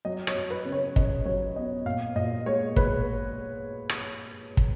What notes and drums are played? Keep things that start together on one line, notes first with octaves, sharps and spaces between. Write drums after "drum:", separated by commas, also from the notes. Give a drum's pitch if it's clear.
F#3 D#5
C#5, drum: rim click
F#3
B4
C#3
C#5
C#3 D#5, drum: kick
F#3 C#5
B3 D#5
A#2 F5
A#2 D#5
G#3 C#5
G#3 B4, drum: kick
drum: rim click
drum: kick